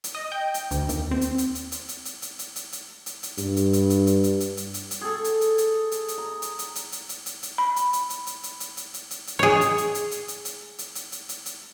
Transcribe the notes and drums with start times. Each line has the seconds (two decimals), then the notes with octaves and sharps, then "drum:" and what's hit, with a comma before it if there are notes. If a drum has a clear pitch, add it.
0.04 drum: hi-hat
0.15 D#5
0.32 G5
0.54 drum: hi-hat
0.71 D2, drum: hi-hat
0.89 D#2, drum: hi-hat
1.11 C4
1.21 drum: hi-hat
1.38 drum: hi-hat
1.55 drum: hi-hat
1.72 drum: hi-hat
1.89 drum: hi-hat
2.05 drum: hi-hat
2.22 drum: hi-hat
2.39 drum: hi-hat
2.56 drum: hi-hat
2.72 drum: hi-hat
3.06 drum: hi-hat
3.23 drum: hi-hat
3.38 G2, drum: hi-hat
3.56 drum: hi-hat
3.73 drum: hi-hat
3.90 drum: hi-hat
4.07 drum: hi-hat
4.24 drum: hi-hat
4.40 drum: hi-hat
4.57 drum: hi-hat
4.74 drum: hi-hat
4.91 drum: hi-hat
5.01 G#4 A4
5.24 drum: hi-hat
5.41 drum: hi-hat
5.58 drum: hi-hat
5.92 drum: hi-hat
6.08 drum: hi-hat
6.18 A#5
6.42 drum: hi-hat
6.59 drum: hi-hat
6.75 drum: hi-hat
6.92 drum: hi-hat
7.09 drum: hi-hat
7.26 drum: hi-hat
7.43 drum: hi-hat
7.58 B5
7.76 drum: hi-hat
7.93 drum: hi-hat
8.10 drum: hi-hat
8.27 drum: hi-hat
8.43 drum: hi-hat
8.60 drum: hi-hat
8.77 drum: hi-hat
8.94 drum: hi-hat
9.11 drum: hi-hat
9.27 drum: hi-hat
9.39 G#4 C#5
9.61 drum: hi-hat
9.78 drum: hi-hat
9.95 drum: hi-hat
10.11 drum: hi-hat
10.28 drum: hi-hat
10.45 drum: hi-hat
10.79 drum: hi-hat
10.95 drum: hi-hat
11.12 drum: hi-hat
11.29 drum: hi-hat
11.46 drum: hi-hat